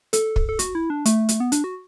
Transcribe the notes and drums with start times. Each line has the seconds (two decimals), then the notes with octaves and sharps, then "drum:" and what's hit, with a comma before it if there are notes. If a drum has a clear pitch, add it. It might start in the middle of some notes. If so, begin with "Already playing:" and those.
0.13 A4, drum: hi-hat
0.36 drum: kick
0.49 A4
0.59 F#4, drum: hi-hat
0.75 E4
0.90 D4
1.05 A3, drum: hi-hat
1.29 drum: hi-hat
1.40 B3
1.52 D4, drum: hi-hat
1.64 F#4